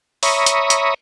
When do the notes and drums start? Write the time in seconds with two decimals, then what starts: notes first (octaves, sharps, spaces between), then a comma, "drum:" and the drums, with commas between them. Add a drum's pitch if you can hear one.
0.23 C#5 E5 A#5 B5 C#6 D#6, drum: open hi-hat
0.46 drum: hi-hat
0.70 drum: hi-hat